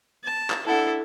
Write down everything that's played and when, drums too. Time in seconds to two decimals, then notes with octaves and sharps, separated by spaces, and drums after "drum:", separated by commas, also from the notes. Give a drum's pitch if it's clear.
0.23 A5
0.50 drum: clap
0.66 D4 E4 A4 F#5 A5